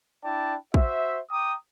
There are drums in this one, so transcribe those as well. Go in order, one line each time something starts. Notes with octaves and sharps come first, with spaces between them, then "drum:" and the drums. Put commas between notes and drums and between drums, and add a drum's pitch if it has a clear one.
D4 E4 D5 G5 A5
F#4 C5 E5, drum: kick
G5 A#5 D6 D#6